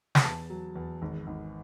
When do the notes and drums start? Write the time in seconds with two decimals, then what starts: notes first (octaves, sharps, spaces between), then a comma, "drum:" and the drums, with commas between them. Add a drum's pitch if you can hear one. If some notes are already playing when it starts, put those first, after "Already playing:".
0.15 G#5, drum: snare
0.24 E2 A5
0.50 F#3
0.75 E2
1.02 G#1
1.27 G#1